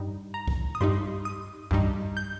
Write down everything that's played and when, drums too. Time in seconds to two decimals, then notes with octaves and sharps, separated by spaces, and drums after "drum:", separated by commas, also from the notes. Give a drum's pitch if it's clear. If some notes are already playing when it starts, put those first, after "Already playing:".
Already playing: G2 G3 D#4
0.34 A#5
0.48 drum: kick
0.75 D#6
0.81 G2 G3 D#4 C6
1.25 D#6
1.71 G2 G3 D#4, drum: kick
2.17 G6